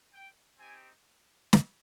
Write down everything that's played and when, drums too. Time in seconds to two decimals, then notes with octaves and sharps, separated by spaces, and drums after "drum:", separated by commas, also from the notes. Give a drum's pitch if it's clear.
0.13 G5
0.58 C4 D#4 G4 G#5
1.53 drum: snare